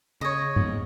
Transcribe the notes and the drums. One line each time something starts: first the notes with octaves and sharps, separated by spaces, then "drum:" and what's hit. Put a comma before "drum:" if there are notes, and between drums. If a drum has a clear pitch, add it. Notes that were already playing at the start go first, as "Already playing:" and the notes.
C#3 C#5 D#5
G#2, drum: tom G#2